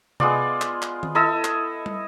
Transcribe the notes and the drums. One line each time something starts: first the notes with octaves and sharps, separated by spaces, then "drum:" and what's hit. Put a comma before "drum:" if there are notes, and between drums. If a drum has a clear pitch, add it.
G#3 B3 F4 D5, drum: tom C3
drum: clap
drum: clap
drum: tom D#3
E4 A4 D#5 E5
drum: clap
drum: tom